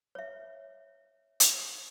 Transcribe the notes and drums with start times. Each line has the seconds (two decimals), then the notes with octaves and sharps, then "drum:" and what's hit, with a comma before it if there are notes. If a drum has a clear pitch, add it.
0.15 C#5 E5
1.40 drum: hi-hat